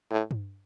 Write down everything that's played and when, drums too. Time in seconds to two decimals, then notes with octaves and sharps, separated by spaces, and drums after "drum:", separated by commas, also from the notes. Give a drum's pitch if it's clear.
0.11 A2
0.31 drum: tom G2